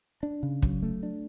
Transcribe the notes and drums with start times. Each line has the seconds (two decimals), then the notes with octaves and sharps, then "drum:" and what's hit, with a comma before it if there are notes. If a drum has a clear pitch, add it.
0.23 D4
0.43 C#3
0.62 F#3, drum: kick
0.83 A3
1.03 D4